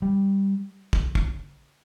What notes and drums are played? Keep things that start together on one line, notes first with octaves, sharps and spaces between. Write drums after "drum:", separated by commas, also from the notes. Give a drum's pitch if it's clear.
G3
drum: kick
drum: kick